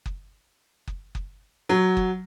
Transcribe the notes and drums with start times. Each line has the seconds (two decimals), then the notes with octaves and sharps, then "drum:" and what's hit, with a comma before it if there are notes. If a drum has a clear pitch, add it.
0.06 drum: kick F#1
0.87 drum: kick F#1
1.15 drum: kick F#1
1.69 F#3
1.97 drum: kick F#1